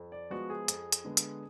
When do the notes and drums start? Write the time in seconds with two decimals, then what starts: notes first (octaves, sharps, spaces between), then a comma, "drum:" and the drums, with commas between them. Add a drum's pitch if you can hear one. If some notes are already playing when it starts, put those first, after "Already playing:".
Already playing: F2
0.12 D5
0.30 F3 G#3 B3 F#4
0.50 G#4
0.68 F2, drum: hi-hat
0.92 drum: hi-hat
1.05 D3 G#3 B3
1.17 drum: hi-hat